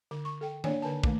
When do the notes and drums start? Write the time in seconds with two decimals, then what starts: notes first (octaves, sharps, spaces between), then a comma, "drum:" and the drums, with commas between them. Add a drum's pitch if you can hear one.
0.11 D3 D6
0.25 C#6
0.41 A4 G5
0.64 A#3 D4 C#5 D5 G#5, drum: tom D#3
0.82 D3 B4 G#5 A5
1.04 D#3 A3 A#3 D6, drum: kick